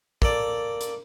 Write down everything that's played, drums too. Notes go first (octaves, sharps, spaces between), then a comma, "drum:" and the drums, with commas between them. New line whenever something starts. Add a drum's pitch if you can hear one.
A#3 A4 D5, drum: kick
drum: hi-hat